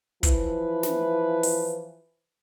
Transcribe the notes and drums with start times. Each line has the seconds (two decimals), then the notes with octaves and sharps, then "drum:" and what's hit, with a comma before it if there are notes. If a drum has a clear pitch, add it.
0.23 E3 F3 E4 B4, drum: kick, hi-hat
0.83 drum: snare
1.43 drum: open hi-hat